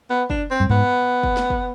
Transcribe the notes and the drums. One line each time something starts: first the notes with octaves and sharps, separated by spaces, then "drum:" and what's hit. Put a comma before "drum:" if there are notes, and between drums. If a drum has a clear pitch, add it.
B3
D4, drum: kick
C4
G2
G#2 B3
drum: kick
drum: snare
drum: kick